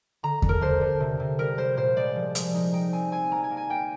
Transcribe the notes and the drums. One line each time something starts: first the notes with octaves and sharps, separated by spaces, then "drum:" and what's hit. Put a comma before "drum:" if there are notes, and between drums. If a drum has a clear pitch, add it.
D3 A#5
D3, drum: kick E2
A#4
D3 C5
D3
C3
C3
G3 A#4
G3 C5
A#2 C5
G#3 D5
F3
G#3, drum: hi-hat
D#4
D#4 G5
C4 G#5
C4 G#5
A#3 A#5
G#5
A#3
G#5
A#3 G5